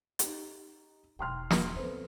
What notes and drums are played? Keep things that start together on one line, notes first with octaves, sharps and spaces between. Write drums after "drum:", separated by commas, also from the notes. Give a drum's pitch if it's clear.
D#4 G4, drum: hi-hat
E1 D#4 G5 C6 F6
drum: snare
B3 C4 A4 B4 C5